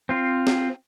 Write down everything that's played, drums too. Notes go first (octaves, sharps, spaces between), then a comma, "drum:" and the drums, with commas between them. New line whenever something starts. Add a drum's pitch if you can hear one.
C4 F4
drum: snare